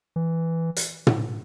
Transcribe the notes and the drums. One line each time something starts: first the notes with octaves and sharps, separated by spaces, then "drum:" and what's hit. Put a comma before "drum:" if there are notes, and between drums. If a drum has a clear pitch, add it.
E3
drum: hi-hat
drum: tom